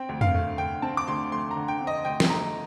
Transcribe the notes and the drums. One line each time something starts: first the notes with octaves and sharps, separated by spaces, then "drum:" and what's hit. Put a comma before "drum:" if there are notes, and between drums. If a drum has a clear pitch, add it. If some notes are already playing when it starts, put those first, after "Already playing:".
Already playing: C4 G5
D2
F5, drum: tom
A3
D3 G5
C4 A5
D6
D2 C6
A3 C6
A#5
D3
G5
C4
D#5
D2 G5
drum: snare
A3 A#5